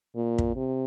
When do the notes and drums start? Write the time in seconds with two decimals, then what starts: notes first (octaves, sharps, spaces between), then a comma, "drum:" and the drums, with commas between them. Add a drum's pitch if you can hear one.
0.15 A#2
0.38 drum: kick
0.56 C3